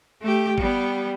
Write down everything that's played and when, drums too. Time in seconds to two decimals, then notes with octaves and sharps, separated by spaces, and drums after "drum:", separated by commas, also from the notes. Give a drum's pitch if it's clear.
0.21 A3 G4
0.58 G3 B3, drum: kick G1